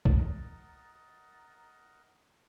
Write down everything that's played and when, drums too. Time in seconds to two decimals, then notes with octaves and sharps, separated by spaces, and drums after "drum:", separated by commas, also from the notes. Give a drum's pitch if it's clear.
0.05 A#4 D#5 F#5 A#5 D#6 A6, drum: kick